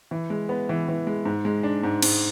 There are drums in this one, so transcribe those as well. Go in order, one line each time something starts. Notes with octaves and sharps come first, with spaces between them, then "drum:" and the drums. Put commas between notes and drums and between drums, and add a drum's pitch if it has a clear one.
E3
G#3
B3
E3
E3
G#3
G#2
G#3
D4
G#2
G#2, drum: cymbal